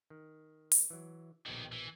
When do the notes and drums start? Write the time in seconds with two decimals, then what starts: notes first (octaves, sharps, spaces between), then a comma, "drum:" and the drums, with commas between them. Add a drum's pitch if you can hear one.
0.10 D#3
0.72 drum: open hi-hat
0.90 E3 F#3
1.46 A#1 B2 D3 D#3 D#5
1.72 E3